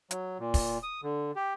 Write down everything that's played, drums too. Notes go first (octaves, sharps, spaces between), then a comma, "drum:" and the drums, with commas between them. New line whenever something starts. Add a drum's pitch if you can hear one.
F#3, drum: hi-hat
A#2
drum: kick, open hi-hat
D#6
D3
G4